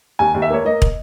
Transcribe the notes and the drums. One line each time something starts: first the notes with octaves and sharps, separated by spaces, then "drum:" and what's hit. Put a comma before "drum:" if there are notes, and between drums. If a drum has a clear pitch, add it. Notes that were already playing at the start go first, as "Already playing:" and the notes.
D#2 G#5
D#2
E5
A#3 C#5
A#3 D#5
drum: kick